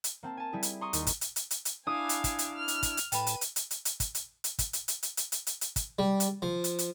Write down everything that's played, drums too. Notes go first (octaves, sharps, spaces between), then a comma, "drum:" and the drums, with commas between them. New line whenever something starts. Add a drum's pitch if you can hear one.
drum: hi-hat
A#3 C4 A5
G#5 A5
G3 E4 G#4
drum: hi-hat
A#5 C6 C#6 D#6
D#2, drum: hi-hat
drum: kick, hi-hat
drum: hi-hat
drum: hi-hat
drum: hi-hat
drum: hi-hat
D4 E4 F5 G#5 D#6
drum: hi-hat
drum: kick, hi-hat
drum: hi-hat
F6
drum: hi-hat
drum: kick, hi-hat
drum: hi-hat
A2 B4 G5 A5 B5 D#7, drum: hi-hat
drum: hi-hat
drum: hi-hat
drum: hi-hat
drum: hi-hat
drum: hi-hat
drum: kick, hi-hat
drum: hi-hat
drum: hi-hat
drum: kick, hi-hat
drum: hi-hat
drum: hi-hat
drum: hi-hat
drum: hi-hat
drum: hi-hat
drum: hi-hat
drum: hi-hat
drum: kick, hi-hat
G3
drum: hi-hat
F3
drum: hi-hat
drum: hi-hat